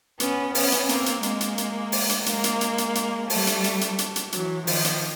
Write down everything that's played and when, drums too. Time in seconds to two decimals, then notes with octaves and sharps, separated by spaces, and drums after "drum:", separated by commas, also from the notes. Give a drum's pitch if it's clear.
0.20 B3 C#4, drum: hi-hat
0.55 B3 C#4, drum: open hi-hat
0.72 drum: hi-hat
0.89 A#3 C4, drum: hi-hat
1.06 drum: hi-hat
1.23 G#3 A#3, drum: hi-hat
1.41 drum: hi-hat
1.58 drum: hi-hat
1.92 drum: open hi-hat
2.09 drum: hi-hat
2.26 G#3 A#3, drum: hi-hat
2.44 drum: hi-hat
2.61 drum: hi-hat
2.78 drum: hi-hat
2.95 drum: hi-hat
3.30 G3 A3, drum: open hi-hat
3.47 drum: hi-hat
3.64 drum: hi-hat
3.81 drum: hi-hat
3.98 drum: hi-hat
4.16 drum: hi-hat
4.32 E3 F#3, drum: hi-hat
4.67 D#3 F3, drum: open hi-hat
4.84 drum: hi-hat